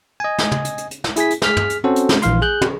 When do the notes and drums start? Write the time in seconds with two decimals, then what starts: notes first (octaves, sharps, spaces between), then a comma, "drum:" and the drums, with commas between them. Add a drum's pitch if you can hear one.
0.20 D#5 G#5
0.38 drum: snare
0.52 drum: tom
0.65 drum: hi-hat
0.78 drum: hi-hat
0.91 drum: hi-hat
1.04 drum: snare
1.16 E4 G#4 G#5 B6, drum: hi-hat
1.30 drum: hi-hat
1.42 G#4 F6 B6, drum: snare
1.57 drum: tom
1.70 drum: hi-hat
1.84 C4 C#4 F#4 A4 C5
1.96 drum: hi-hat
2.09 drum: snare
2.22 A#1 E3 F5 C6, drum: hi-hat
2.42 G#4 F#6 G6
2.62 drum: tom